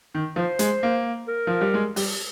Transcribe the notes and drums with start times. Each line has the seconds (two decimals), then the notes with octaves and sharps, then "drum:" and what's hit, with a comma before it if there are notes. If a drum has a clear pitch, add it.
0.15 D#3
0.36 F3 C5
0.59 G#3, drum: hi-hat
0.83 A#3
1.28 A#4
1.47 F3
1.61 G3
1.74 G#3
1.96 G3, drum: open hi-hat